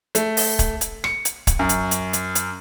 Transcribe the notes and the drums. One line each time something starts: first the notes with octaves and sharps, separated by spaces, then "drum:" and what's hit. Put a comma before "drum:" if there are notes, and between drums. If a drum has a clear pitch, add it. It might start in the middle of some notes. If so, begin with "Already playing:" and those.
A3, drum: hi-hat
drum: open hi-hat
drum: kick, hi-hat
drum: hi-hat
C#7, drum: rim click
drum: hi-hat
drum: kick, hi-hat
F#2
drum: hi-hat
drum: hi-hat
drum: hi-hat
drum: hi-hat